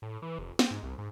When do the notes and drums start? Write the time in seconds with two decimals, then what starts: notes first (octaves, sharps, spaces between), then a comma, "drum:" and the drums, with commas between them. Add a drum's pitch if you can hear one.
0.02 A2
0.22 E3
0.39 F1
0.59 C4, drum: snare
0.71 G#2
0.83 C2
0.98 G#2